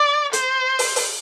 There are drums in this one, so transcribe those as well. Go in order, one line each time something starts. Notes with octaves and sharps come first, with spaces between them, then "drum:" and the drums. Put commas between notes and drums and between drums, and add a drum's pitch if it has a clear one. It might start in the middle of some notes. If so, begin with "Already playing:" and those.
Already playing: D5
C5, drum: hi-hat
drum: open hi-hat
drum: open hi-hat